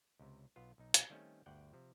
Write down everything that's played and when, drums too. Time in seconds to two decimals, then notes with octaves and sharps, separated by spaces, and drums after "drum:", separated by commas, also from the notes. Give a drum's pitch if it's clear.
0.19 C#2 C3
0.56 B1 B3 F4
0.78 B1 D#4
0.94 drum: hi-hat
1.10 D#3 G3 A3 C4 C#4
1.46 G1 D2 D5 F#5 G5
1.73 C3 F3